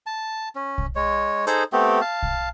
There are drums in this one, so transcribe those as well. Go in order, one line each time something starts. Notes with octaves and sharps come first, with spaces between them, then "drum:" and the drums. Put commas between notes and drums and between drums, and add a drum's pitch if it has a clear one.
A5
C#4
drum: kick
G#3 C#5
D#4 G#4 A4 C5, drum: hi-hat
A3 B3 C4 G4
F5 A5
drum: kick